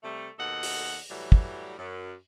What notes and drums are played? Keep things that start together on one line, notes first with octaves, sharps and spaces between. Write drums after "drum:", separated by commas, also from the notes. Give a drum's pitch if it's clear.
C3 G3 A3
D#2 B2 A4 D#5 F#5
drum: open hi-hat
A2 E3 F#3 G3
drum: kick
F#2